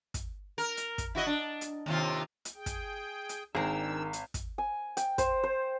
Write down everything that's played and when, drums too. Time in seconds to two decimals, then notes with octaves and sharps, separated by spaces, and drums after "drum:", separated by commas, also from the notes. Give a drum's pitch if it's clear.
0.14 drum: kick, hi-hat
0.58 A#4
0.77 drum: hi-hat
0.98 drum: kick, hi-hat
1.15 E4 F#4 D#5
1.26 D4
1.61 drum: hi-hat
1.86 D#2 C3 F4
2.45 drum: hi-hat
2.55 G#4 G5
2.66 drum: kick, hi-hat
3.29 drum: hi-hat
3.55 G#1 D#3 D4 G#4 A#4 G5 E6
4.13 drum: hi-hat
4.34 drum: kick, hi-hat
4.58 G#5
4.97 G5, drum: hi-hat
5.18 C5, drum: kick, hi-hat
5.43 C5